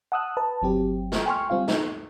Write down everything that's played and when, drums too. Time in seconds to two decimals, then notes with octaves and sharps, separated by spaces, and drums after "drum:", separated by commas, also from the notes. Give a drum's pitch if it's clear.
0.12 F#5 A5 D#6 E6 F#6
0.37 B4 A5
0.62 G1 F#3 C4 G4
1.12 drum: snare
1.26 G5 G#5 C6 C#6 F6
1.50 G3 C4 F4 F5
1.68 D#4, drum: snare